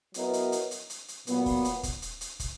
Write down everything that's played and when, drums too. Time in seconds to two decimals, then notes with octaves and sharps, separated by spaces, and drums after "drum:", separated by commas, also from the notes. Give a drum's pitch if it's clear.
0.14 F#3 B3 E4 A#4 D#5, drum: hi-hat
0.33 drum: hi-hat
0.52 drum: hi-hat
0.71 drum: hi-hat
0.90 drum: hi-hat
1.08 drum: hi-hat
1.27 A#2 F#3 B3, drum: hi-hat
1.46 drum: kick, open hi-hat
1.65 drum: hi-hat
1.83 drum: kick, hi-hat
2.02 drum: hi-hat
2.21 drum: hi-hat
2.40 drum: kick, hi-hat